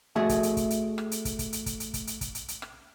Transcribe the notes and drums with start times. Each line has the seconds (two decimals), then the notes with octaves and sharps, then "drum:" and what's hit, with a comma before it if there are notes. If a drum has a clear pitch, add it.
0.16 A3 F#4 G#4 E5 A5
0.29 drum: kick, hi-hat
0.43 drum: hi-hat
0.57 drum: kick, hi-hat
0.70 drum: hi-hat
0.98 drum: rim click
1.11 drum: hi-hat
1.25 drum: kick, hi-hat
1.39 drum: kick, hi-hat
1.53 drum: hi-hat
1.66 drum: kick, hi-hat
1.80 drum: hi-hat
1.94 drum: kick, hi-hat
2.07 drum: hi-hat
2.21 drum: kick, hi-hat
2.35 drum: hi-hat
2.48 drum: hi-hat
2.62 drum: rim click